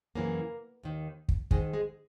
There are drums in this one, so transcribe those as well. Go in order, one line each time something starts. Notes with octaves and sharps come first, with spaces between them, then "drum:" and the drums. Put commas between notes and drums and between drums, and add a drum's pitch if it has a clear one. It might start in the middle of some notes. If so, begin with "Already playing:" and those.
F#2 C#3 E3 A#3
D#2 D#3
drum: kick
G#2 D#3 G#3, drum: kick
G#3